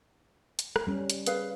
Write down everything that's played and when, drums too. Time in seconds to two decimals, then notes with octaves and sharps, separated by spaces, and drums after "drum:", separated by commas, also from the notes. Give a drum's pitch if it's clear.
0.59 drum: hi-hat
0.76 drum: rim click
0.87 G3 C#4
1.10 drum: hi-hat
1.26 G#4 B4 F5, drum: hi-hat